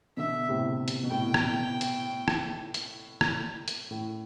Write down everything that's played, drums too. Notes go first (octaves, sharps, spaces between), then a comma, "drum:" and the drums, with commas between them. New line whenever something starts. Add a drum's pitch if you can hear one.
B2 D3 E5
A2 C3
drum: hi-hat
B2
A2 G5
drum: rim click
drum: hi-hat
drum: rim click
drum: hi-hat
drum: rim click
drum: hi-hat
A2